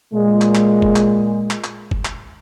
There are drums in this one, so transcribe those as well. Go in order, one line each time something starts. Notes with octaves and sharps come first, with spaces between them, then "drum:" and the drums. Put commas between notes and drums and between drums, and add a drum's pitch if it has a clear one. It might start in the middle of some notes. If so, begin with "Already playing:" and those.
A#2 G#3
drum: clap
drum: clap
drum: kick
drum: clap
drum: clap
drum: clap
drum: kick
drum: clap